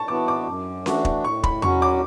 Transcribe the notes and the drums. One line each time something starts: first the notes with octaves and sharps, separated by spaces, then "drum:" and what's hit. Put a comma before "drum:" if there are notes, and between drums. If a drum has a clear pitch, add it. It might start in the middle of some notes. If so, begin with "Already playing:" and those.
Already playing: A5 C#6
E3 B3 F#4 D6
D6
F#2
E3 A3 D4 F#4, drum: snare C#4
drum: kick
A2 C#6
B5, drum: kick
F#3 C#4 F#4 C#6, drum: tom E2
D6